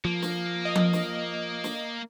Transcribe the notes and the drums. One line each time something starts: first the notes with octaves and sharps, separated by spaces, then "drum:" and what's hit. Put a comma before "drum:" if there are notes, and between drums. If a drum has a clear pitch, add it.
F3 A#3
drum: snare
D#5
drum: tom F3
drum: snare
drum: snare